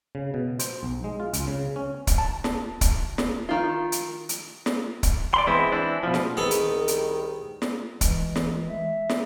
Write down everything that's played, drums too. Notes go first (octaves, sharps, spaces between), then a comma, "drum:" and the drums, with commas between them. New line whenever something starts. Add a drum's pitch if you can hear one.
C#3
B2
C5, drum: hi-hat
B1
G#3
F4
C#2, drum: hi-hat
C#3
C#4
drum: kick, hi-hat
A5
drum: snare
drum: kick, hi-hat
drum: snare
D#3 F4
drum: hi-hat
drum: hi-hat
drum: snare
drum: kick, hi-hat
D5 B5 C6
E3 G#3 B3 C4 E4
E3 C4 D4 E4
B2 F3
drum: snare
C2 D#3 B3 G#4 A4
drum: hi-hat
drum: hi-hat
drum: snare
E3 G#3, drum: kick, hi-hat
drum: snare
E5
drum: snare